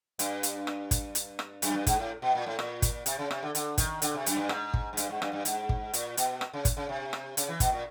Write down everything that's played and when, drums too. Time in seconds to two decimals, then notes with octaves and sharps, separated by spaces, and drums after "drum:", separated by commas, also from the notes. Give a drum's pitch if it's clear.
0.19 G2, drum: hi-hat
0.43 drum: hi-hat
0.67 drum: rim click
0.91 drum: kick, hi-hat
1.15 drum: hi-hat
1.39 drum: rim click
1.62 F#2, drum: hi-hat
1.75 G2
1.87 G#2, drum: kick, hi-hat
1.99 A2
2.22 B2
2.35 A#2
2.46 A2
2.59 A#2, drum: rim click
2.82 drum: kick, hi-hat
3.06 C3, drum: hi-hat
3.19 C#3
3.31 C3, drum: rim click
3.43 D3
3.55 D3, drum: hi-hat
3.78 D#3, drum: kick, hi-hat
4.02 D3, drum: hi-hat
4.14 C3
4.26 F#2, drum: hi-hat
4.37 G2
4.49 G#2, drum: rim click
4.74 drum: kick
4.93 G#2
4.97 G2, drum: hi-hat
5.09 G#2
5.22 G2, drum: rim click
5.33 G2
5.45 G#2, drum: hi-hat
5.69 drum: kick
5.93 A#2, drum: hi-hat
6.17 B2, drum: hi-hat
6.41 drum: rim click
6.53 C#3
6.65 drum: kick, hi-hat
6.77 C#3
6.89 C3
7.13 drum: rim click
7.37 C#3, drum: hi-hat
7.49 E3
7.60 B2, drum: kick, hi-hat
7.72 A#2